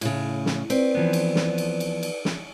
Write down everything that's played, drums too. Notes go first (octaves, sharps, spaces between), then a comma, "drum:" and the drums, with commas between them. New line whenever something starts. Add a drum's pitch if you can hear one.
A2 C#3, drum: cymbal
drum: snare
C4 B4 D5, drum: cymbal
E3 F3 B3
drum: cymbal
drum: snare
drum: cymbal
drum: cymbal
drum: cymbal
drum: snare